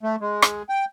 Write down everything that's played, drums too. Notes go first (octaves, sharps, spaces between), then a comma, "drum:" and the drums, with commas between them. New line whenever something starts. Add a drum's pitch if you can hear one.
A3
G#3
drum: rim click
G5